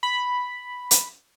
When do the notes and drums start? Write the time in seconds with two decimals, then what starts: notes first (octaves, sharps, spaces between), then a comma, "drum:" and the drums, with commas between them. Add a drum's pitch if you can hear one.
0.03 B5
0.91 drum: hi-hat